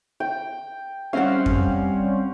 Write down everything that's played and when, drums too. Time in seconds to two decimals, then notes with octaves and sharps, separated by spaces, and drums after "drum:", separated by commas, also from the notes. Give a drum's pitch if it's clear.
0.20 G5
1.13 G3 C4 C#4 F5 F#5
1.46 drum: kick F2